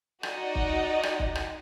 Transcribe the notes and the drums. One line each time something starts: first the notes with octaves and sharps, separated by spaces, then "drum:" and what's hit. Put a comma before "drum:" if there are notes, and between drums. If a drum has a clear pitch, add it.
D#4 F#4 D5 D#5, drum: rim click
drum: kick
drum: rim click
drum: kick
drum: rim click